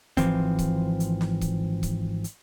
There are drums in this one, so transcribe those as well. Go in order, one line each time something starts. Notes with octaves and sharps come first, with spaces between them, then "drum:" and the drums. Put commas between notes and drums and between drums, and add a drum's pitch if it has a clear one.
G#1 E3 F3 C4, drum: kick C#1, hi-hat
drum: kick C#1, hi-hat
drum: hi-hat
drum: snare
drum: kick C#1, hi-hat
drum: kick C#1, hi-hat
drum: hi-hat